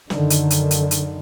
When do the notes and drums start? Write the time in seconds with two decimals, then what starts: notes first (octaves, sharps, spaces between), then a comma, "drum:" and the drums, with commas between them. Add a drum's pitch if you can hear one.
0.10 F#2 D3 D#3, drum: snare
0.30 drum: hi-hat
0.50 drum: hi-hat
0.71 drum: hi-hat
0.91 drum: hi-hat